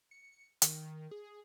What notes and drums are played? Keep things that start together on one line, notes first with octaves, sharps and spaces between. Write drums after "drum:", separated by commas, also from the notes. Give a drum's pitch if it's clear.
C#7
D#3, drum: hi-hat
G#4